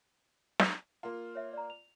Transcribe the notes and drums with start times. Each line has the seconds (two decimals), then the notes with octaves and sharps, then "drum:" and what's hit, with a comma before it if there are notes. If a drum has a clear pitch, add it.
0.60 drum: snare
1.03 A#3 F4
1.35 C#5 E5
1.53 D5 A#5
1.70 F7